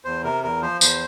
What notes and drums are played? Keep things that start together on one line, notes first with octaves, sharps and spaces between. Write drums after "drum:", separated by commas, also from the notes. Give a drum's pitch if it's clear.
E2 C5
C3 A#4
E2 A#4
F3 C5
E2 C5, drum: tambourine